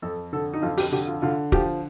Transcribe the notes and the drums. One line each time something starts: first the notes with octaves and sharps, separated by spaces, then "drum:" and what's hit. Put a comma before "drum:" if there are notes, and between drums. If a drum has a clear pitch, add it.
F2 A4
D3 A4
D#4
F2 F4
G4, drum: open hi-hat
D3 G4
F4
D3 F4
F3 G4, drum: kick